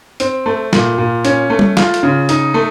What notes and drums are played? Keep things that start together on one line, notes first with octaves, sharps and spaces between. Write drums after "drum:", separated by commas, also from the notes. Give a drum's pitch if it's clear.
C4, drum: hi-hat
A3
A#2, drum: snare
A#2
C#4, drum: hi-hat
A3
drum: tom
F4, drum: snare
drum: hi-hat
C#3
D#4, drum: hi-hat
A3